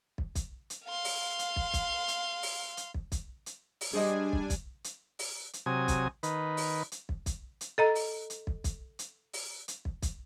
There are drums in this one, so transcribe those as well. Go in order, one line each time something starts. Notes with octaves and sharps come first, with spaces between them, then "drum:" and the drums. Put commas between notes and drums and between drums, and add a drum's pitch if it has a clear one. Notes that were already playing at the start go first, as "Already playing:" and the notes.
drum: kick
drum: kick, hi-hat
drum: hi-hat
F5 C6
drum: open hi-hat
drum: hi-hat
drum: kick
drum: kick, hi-hat
drum: hi-hat
drum: open hi-hat
drum: hi-hat
drum: kick
drum: kick, hi-hat
drum: hi-hat
drum: open hi-hat
G3 D4 G#4 C5 D#5 G#5
drum: kick
drum: kick, hi-hat
drum: hi-hat
drum: open hi-hat
drum: hi-hat
C3 F#3 G#5 D#6
drum: kick, hi-hat
D#3 B4, drum: hi-hat
drum: open hi-hat
drum: hi-hat
drum: kick
drum: kick, hi-hat
drum: hi-hat
A4 D#5 A#5
drum: open hi-hat
drum: hi-hat
drum: kick
drum: kick, hi-hat
drum: hi-hat
drum: open hi-hat
drum: hi-hat
drum: kick
drum: kick, hi-hat